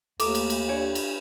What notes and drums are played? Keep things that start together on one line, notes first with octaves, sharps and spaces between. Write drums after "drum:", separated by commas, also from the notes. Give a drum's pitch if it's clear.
D#2 A3 A#3 A4 A#5 D6, drum: cymbal
drum: cymbal
drum: cymbal
D4 G4 C#5 D5 G#5
drum: cymbal